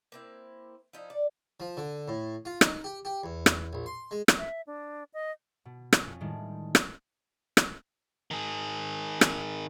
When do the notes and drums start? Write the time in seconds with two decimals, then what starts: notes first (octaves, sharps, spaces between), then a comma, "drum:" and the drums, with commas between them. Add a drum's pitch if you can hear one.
0.12 A#3 C4 E4
0.93 F3 D#4 E4
1.10 D5
1.60 F3
1.77 D3
2.08 A2
2.45 F4
2.61 D#4, drum: rim click
2.84 G4
3.05 G4
3.23 E2
3.46 drum: rim click
3.73 A#1
3.86 C6
4.11 G#3
4.28 drum: rim click
4.38 E5
4.67 D4
5.14 D#5
5.65 B2
5.93 drum: rim click
6.03 F2 C#4
6.20 A2 D#3 G3 G#3 D4
6.75 drum: rim click
7.57 drum: rim click
8.31 D#3 G#4
9.21 drum: rim click